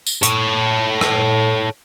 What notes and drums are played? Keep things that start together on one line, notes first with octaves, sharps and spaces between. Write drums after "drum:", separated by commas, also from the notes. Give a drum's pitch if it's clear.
drum: tambourine
A4 C#5, drum: hi-hat
drum: rim click